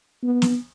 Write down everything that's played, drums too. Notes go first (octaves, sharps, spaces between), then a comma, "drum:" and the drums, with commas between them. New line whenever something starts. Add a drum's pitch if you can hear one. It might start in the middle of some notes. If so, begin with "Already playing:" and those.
B3
drum: snare